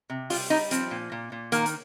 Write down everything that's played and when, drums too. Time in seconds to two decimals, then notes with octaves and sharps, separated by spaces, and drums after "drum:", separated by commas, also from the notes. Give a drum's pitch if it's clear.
0.10 C3
0.30 G3 F4, drum: open hi-hat
0.50 G3 D#4
0.71 F3 C4, drum: hi-hat
0.91 A#2
1.12 A#2
1.32 A#2
1.52 D#3 A#3, drum: hi-hat
1.66 drum: hi-hat